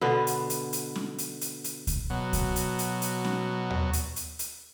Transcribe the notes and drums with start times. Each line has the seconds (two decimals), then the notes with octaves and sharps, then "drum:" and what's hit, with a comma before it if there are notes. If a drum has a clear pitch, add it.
0.01 B2 D3 B3
0.27 drum: hi-hat
0.50 drum: hi-hat
0.73 drum: hi-hat
0.96 drum: snare C#4
1.18 drum: hi-hat
1.41 drum: hi-hat
1.64 drum: hi-hat
1.87 drum: kick C#2, hi-hat
2.10 B2 F#3
2.33 drum: kick C#2, hi-hat
2.56 drum: hi-hat
2.79 drum: hi-hat
3.02 drum: hi-hat
3.25 drum: snare C#4
3.70 drum: tom D#2
3.93 drum: hi-hat
4.16 drum: hi-hat
4.39 drum: hi-hat